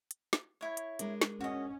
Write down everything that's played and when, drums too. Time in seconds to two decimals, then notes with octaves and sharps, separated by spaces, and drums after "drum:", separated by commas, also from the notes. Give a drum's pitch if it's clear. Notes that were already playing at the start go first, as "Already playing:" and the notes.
0.11 drum: hi-hat
0.33 drum: snare
0.61 E4 C#5
0.77 drum: hi-hat
0.99 G#3 D4 A#4, drum: hi-hat
1.21 drum: snare
1.41 C#4 F#4 D#5